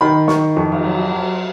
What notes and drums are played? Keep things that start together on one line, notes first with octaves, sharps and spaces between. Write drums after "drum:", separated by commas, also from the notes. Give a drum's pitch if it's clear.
D#3 B5
D#3 C#6, drum: snare
F2 C#6
drum: cymbal
F#3
F#3